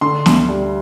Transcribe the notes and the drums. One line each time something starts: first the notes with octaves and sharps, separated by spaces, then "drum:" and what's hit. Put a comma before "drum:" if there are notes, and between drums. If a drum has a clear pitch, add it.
D3 C6
D2, drum: snare
G3